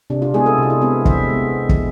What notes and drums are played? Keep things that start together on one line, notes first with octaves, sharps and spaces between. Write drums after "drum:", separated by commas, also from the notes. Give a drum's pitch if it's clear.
C3 D4
D4 F4
G#3 B3 E4 G#4
F4 A4
C3 F4
E4 G#4
G#3 B3 C4 E4
C3 C5 E5, drum: kick
G#3 B3
C3
drum: kick